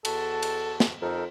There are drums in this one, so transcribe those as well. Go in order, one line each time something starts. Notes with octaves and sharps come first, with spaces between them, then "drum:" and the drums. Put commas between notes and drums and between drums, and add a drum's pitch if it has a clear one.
E2 F#4 A4 A5, drum: cymbal
drum: cymbal
drum: snare
F2 D#4 A4 A#4